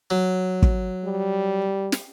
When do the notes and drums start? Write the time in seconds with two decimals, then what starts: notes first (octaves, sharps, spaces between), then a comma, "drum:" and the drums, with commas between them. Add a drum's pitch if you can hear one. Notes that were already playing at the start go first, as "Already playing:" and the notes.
0.10 F#3
0.62 drum: kick
1.05 G3
1.92 drum: snare